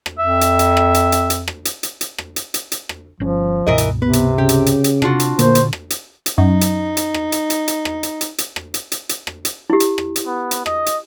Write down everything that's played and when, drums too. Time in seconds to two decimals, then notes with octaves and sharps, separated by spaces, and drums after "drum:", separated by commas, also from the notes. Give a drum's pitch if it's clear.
0.06 drum: rim click
0.18 F2 E5
0.41 drum: hi-hat
0.59 drum: hi-hat
0.77 drum: rim click
0.94 drum: hi-hat
1.12 drum: hi-hat
1.30 drum: hi-hat
1.48 drum: rim click
1.65 drum: hi-hat
1.83 drum: hi-hat
2.01 drum: hi-hat
2.18 drum: rim click
2.36 drum: hi-hat
2.54 drum: hi-hat
2.72 drum: hi-hat
2.89 drum: rim click
3.20 G1 F3 C#4
3.67 C#2 G2 B2 E3 A#4 D#5
3.78 drum: hi-hat
4.02 C3 B3 B4
4.13 drum: hi-hat
4.38 C#3 G4
4.49 drum: hi-hat
4.66 drum: hi-hat
4.84 drum: hi-hat
5.02 C3 D4 F4 F#4, drum: rim click
5.20 drum: hi-hat
5.39 A#2 D3 A#3 C5, drum: hi-hat
5.55 drum: hi-hat
5.73 drum: rim click
5.90 drum: hi-hat
6.26 drum: hi-hat
6.38 F#2 D#4
6.61 drum: hi-hat
6.97 drum: hi-hat
7.14 drum: rim click
7.32 drum: hi-hat
7.50 drum: hi-hat
7.68 drum: hi-hat
7.85 drum: rim click
8.03 drum: hi-hat
8.21 drum: hi-hat
8.38 drum: hi-hat
8.56 drum: rim click
8.74 drum: hi-hat
8.92 drum: hi-hat
9.09 drum: hi-hat
9.27 drum: rim click
9.45 drum: hi-hat
9.70 E4 G4
9.80 drum: hi-hat
9.98 drum: rim click
10.16 drum: hi-hat
10.27 B3
10.51 drum: hi-hat
10.66 D#5, drum: rim click
10.86 drum: hi-hat